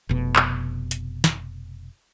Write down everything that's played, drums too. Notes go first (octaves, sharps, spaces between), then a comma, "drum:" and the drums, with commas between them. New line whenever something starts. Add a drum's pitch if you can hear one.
F1 B2
drum: clap
drum: hi-hat
drum: snare